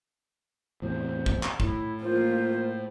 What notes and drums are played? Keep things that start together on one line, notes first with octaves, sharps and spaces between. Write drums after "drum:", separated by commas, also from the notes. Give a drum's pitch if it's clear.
E2 A2 C3 C5
drum: kick
drum: clap
A2 E4, drum: kick
A#3 F4 C5